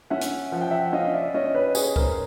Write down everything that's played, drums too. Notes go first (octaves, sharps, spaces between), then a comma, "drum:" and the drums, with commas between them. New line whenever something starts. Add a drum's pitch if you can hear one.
C#4 E5 F#5
drum: hi-hat
F3 F#5
G5
E5 F#5
C#4 D#5 F5
D5 E5
C#4 C#5 D#5
B4 C#5
G#4 B4 C#5, drum: tambourine
A#4 C5, drum: kick C#2